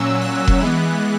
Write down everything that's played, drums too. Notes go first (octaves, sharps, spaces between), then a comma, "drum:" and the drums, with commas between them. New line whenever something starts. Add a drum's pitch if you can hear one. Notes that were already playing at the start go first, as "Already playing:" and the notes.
Already playing: A#2 F#3 C#4 E6
F#6
drum: kick F1
E3 G#3 B3